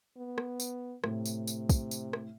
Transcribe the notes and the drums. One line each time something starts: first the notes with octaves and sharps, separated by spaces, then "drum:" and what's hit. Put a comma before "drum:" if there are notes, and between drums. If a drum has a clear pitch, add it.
B3
drum: rim click
drum: tambourine
A2 C3, drum: rim click
drum: tambourine
drum: tambourine
drum: kick, tambourine
drum: tambourine
drum: rim click